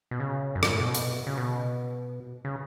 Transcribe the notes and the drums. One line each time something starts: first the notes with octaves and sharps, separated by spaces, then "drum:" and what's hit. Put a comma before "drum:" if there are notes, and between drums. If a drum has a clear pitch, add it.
B2
C#3
F#2
G2, drum: rim click
A2
B2
drum: hi-hat
C#3
B2
C#3